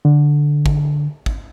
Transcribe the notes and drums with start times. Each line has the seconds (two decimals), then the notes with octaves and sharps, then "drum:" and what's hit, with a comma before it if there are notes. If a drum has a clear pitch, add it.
0.05 D3
0.66 drum: kick
1.26 drum: kick